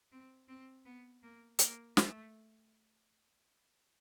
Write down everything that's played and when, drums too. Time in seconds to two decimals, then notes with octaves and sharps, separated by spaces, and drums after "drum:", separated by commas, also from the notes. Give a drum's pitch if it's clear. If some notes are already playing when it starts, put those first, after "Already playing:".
0.12 C4
0.48 C4
0.85 B3
1.23 A#3
1.59 A#3, drum: hi-hat
1.97 A3, drum: snare